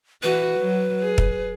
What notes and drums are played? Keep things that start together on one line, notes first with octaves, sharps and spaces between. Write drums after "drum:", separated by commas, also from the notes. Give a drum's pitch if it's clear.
E3 F#4 B4
F#3
G#4
drum: kick